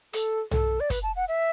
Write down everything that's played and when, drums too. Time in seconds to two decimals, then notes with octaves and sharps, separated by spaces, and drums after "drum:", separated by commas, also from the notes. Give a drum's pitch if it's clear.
0.13 A4, drum: hi-hat
0.51 A4, drum: tom B1
0.80 D5
0.90 B4, drum: kick, hi-hat
1.03 A5
1.16 F#5
1.28 E5